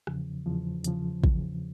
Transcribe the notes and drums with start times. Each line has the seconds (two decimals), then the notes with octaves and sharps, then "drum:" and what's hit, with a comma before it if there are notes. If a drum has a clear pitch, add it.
0.07 E2 C#3 F3, drum: rim click
0.46 E2 C#3 F3
0.84 E2 C#3 F3, drum: hi-hat
1.24 E2 C#3 F3, drum: kick